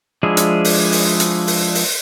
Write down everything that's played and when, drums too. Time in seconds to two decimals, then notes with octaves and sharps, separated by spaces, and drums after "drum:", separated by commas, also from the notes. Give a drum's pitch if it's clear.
0.23 F3 G#3 D4 E4 G#4
0.37 drum: hi-hat
0.65 drum: open hi-hat
0.92 drum: open hi-hat
1.20 drum: hi-hat
1.47 drum: open hi-hat
1.75 drum: open hi-hat